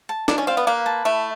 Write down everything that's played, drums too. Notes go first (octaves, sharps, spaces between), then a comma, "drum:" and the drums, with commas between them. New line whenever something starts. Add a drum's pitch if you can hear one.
A5
D4 D5, drum: snare
C#4
C4 F5
B3
A#3 B4
A5
A3 E4